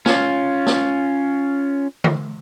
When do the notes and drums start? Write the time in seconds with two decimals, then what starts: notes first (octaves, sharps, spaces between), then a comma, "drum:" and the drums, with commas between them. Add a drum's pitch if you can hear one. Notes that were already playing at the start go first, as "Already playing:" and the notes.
0.06 C#4 F4, drum: snare
0.66 drum: snare
2.04 drum: tom D3